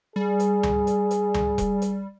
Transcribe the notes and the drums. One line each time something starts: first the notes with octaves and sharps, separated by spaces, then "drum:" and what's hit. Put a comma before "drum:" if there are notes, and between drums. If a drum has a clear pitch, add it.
G3 G#4
drum: hi-hat
drum: tom C#2
drum: hi-hat
drum: hi-hat
drum: tom C#2
drum: kick E1, hi-hat
drum: hi-hat